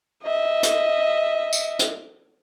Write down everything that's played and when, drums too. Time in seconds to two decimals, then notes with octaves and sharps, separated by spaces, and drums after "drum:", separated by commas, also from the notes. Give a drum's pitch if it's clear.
0.23 D#5 E5
0.63 drum: hi-hat
1.53 drum: tambourine
1.79 drum: hi-hat